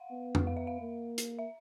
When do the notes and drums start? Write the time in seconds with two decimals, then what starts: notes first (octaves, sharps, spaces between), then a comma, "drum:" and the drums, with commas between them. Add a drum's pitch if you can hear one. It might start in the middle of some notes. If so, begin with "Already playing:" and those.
Already playing: F5 F#5
0.12 B3
0.35 drum: tom F2
0.47 F5
0.57 E5
0.67 F5
0.81 A#3
1.18 drum: hi-hat
1.39 E5